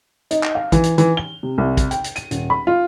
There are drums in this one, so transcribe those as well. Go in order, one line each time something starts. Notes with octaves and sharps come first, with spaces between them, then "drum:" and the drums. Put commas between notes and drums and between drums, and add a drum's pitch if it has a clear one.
D#4, drum: hi-hat
drum: clap
F5
E3, drum: kick, hi-hat
drum: hi-hat
E3, drum: hi-hat
G7
C3
C2
drum: kick, hi-hat
G5, drum: hi-hat
drum: hi-hat
D#7, drum: hi-hat
D#1, drum: hi-hat
B5
F4